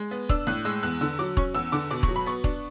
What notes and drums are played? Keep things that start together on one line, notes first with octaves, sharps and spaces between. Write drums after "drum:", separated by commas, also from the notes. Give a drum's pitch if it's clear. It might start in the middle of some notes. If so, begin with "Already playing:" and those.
Already playing: G#3
B3
D4 E6, drum: kick
A2 F#6
G#3 E6
E2 F#6
D3 E6
F#3 D6
C#4 C#6, drum: kick
E2 E6
D3 D6
B2 D6
C#6, drum: kick
F#3
B5
B3 C#6
D4, drum: kick